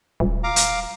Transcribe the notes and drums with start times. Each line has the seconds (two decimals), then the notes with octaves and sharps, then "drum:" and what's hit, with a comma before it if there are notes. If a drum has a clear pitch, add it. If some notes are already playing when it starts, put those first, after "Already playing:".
0.20 D#1
0.44 F5 A#5 D6
0.56 drum: hi-hat